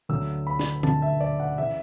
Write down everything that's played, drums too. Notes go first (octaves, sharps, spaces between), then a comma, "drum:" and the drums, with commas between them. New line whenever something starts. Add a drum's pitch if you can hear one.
D2 D3 F#3 E6
B5
drum: snare
D2 D3 F#3 A5, drum: tom E3
E5
D5
F#5
C#3 E3 E5